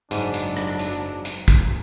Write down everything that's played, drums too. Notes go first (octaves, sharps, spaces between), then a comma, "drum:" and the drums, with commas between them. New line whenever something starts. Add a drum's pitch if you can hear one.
F#1 G#2 F#3 D4, drum: hi-hat
drum: hi-hat
drum: rim click
drum: hi-hat
drum: hi-hat
drum: kick, hi-hat